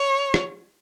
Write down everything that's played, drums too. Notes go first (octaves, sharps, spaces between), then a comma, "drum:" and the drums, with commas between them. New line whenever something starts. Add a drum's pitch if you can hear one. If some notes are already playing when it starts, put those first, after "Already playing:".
Already playing: C#5
drum: rim click